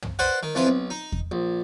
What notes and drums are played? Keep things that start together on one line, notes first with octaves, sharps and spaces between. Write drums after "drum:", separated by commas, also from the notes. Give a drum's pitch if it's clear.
drum: tom
B4 C5 D5 F#5
D#3
F2 E3 F4 B4
B1
D#4
drum: kick E2
A#1